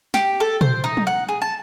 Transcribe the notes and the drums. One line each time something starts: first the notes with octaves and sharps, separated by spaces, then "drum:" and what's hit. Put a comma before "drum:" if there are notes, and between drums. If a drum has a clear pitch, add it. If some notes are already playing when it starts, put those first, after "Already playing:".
G4, drum: snare
A4
C5, drum: tom
D#4
drum: tom
F#5
G#4
A5